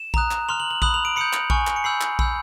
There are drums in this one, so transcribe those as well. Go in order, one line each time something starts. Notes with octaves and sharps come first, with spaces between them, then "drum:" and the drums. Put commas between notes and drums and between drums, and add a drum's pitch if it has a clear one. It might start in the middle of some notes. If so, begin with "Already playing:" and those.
Already playing: E7
A#5 D#6 F#6, drum: kick A#1
drum: clap
C6 F6 F7
F#7
F#7
B5 D#6 F#6 F#7, drum: kick A#1
F7
D7
B5 D#6 G6 C#7
drum: clap
G#5 C#6 F6, drum: kick A#1
drum: clap
C#7
B5 E6 G6 C7
drum: clap
B5 E6 G6, drum: kick A#1